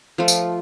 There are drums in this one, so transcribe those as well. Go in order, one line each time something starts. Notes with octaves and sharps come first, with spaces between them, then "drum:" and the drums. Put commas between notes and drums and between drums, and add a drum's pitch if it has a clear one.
F3 A3 F4
drum: tambourine